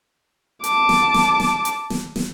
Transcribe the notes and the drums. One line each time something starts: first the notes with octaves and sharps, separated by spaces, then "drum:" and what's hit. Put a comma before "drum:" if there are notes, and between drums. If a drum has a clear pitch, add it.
A5 D6, drum: hi-hat
drum: snare
drum: snare
drum: snare
drum: hi-hat
drum: snare
drum: snare